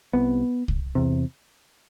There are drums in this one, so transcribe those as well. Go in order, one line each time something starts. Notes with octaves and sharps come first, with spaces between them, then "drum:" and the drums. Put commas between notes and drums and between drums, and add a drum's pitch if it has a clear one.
C2 C3 B3
drum: kick C2
E2 C3